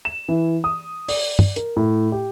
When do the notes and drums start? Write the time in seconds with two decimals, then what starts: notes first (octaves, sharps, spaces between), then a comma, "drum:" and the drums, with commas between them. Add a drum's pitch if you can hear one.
0.05 E7
0.29 E3
0.64 D#6
1.08 D5, drum: open hi-hat
1.39 drum: tom
1.56 A#4, drum: hi-hat
1.76 A2
2.12 G4